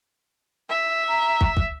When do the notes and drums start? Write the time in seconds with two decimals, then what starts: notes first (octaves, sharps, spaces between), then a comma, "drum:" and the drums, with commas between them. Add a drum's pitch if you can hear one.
0.69 E5
1.09 A#5
1.41 drum: kick
1.57 drum: kick